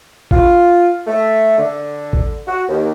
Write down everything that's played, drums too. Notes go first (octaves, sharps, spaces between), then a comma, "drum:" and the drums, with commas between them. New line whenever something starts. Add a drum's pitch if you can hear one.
F4, drum: kick A1
A3
D3
drum: kick A1
F#4
D#2